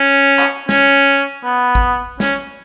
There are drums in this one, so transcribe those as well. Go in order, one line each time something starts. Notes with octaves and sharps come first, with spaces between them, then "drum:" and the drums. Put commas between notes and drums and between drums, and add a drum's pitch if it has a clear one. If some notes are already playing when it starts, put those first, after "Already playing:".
Already playing: C#4
drum: clap
C#4, drum: snare
B3
drum: kick A1
C#4, drum: snare